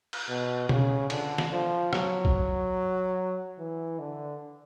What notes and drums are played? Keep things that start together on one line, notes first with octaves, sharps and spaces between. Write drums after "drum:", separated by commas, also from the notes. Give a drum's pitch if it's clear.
drum: cymbal
B2
C#3, drum: tom
D3, drum: cymbal
drum: snare
F3
F#3, drum: rim click
drum: kick A#1
E3
D3